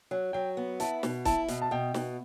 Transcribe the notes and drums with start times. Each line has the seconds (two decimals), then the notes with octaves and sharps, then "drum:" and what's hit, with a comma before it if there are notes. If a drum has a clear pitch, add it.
0.11 F#3
0.33 F#3 G5
0.57 B3
0.80 E4 A5, drum: hi-hat
1.03 B2, drum: snare
1.25 E4 A5, drum: kick, hi-hat
1.48 B2, drum: hi-hat
1.62 A5
1.71 B2 G5
1.94 B2, drum: snare